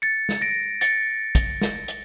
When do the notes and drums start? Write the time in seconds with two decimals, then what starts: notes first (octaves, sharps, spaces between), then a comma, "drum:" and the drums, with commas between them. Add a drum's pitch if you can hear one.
0.02 A6 C#7
0.29 drum: snare
0.42 A#6 D7
0.81 A6 C#7, drum: hi-hat
1.35 drum: kick, hi-hat
1.61 drum: snare
1.88 drum: hi-hat